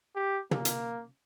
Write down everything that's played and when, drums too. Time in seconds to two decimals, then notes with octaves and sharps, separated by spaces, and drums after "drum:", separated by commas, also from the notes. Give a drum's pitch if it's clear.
0.15 G4
0.51 A#3, drum: tom
0.65 drum: hi-hat